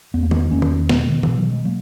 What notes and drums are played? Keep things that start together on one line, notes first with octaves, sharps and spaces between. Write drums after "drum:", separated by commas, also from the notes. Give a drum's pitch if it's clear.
E2 B3
A#3
G#3 B3, drum: tom D#3
E2 A#3 C#4
drum: tom D#3
B2 G#3 B3, drum: snare
D#3
B2 E3, drum: tom D#3
F#3
G#3
F#3 A#3